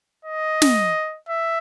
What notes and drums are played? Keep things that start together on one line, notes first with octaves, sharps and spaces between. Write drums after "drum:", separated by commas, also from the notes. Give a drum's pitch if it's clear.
D#5
drum: snare
E5